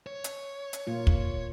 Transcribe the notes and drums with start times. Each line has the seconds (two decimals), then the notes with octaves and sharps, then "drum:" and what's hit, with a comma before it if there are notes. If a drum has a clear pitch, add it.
0.07 C#5
0.24 drum: hi-hat
0.73 drum: hi-hat
0.87 A#2 A#3 F4
1.07 drum: kick